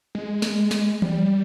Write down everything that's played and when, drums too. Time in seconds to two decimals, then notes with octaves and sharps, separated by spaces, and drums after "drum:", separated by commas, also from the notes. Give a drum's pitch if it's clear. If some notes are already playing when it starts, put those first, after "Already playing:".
0.15 G#3
0.42 drum: snare
0.71 drum: snare
1.02 G3, drum: tom E3